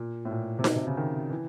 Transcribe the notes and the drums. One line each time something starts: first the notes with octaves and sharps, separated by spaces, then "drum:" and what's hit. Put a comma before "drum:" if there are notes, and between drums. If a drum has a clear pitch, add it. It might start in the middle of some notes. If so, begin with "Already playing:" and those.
Already playing: A#2
A2
A#2
C3
B2, drum: snare D#4
C3
C#3
D#3
E3